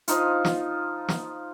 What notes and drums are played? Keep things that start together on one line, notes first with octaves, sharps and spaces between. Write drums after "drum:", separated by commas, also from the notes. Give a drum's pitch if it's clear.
F3 D#4 F4, drum: hi-hat
drum: snare
drum: snare